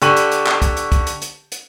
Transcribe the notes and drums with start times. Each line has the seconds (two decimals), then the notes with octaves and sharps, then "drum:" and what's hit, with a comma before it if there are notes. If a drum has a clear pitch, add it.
0.02 D3 G4 C#6 D#7 F#7, drum: hi-hat
0.17 drum: hi-hat
0.32 drum: hi-hat
0.47 drum: clap
0.62 drum: kick, hi-hat
0.77 drum: hi-hat
0.92 drum: kick, hi-hat
1.07 drum: hi-hat
1.22 drum: hi-hat
1.52 drum: hi-hat